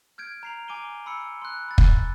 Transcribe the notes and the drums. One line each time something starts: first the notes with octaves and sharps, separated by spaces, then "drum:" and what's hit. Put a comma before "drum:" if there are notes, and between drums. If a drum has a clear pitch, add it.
F6 G6 G#6 D7
A#5 C7 F7
G#5 D6 D7 D#7 G7
B5 E6 C#7
C6 F#6
B5 A6
drum: kick